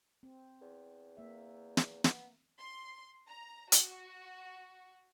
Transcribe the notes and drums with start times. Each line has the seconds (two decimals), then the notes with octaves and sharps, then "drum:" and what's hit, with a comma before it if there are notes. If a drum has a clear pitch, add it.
0.23 C4
0.61 E2
1.17 A#3 E5
1.77 drum: snare
2.04 B3, drum: snare
2.58 C6
3.27 A#5
3.72 F#4, drum: hi-hat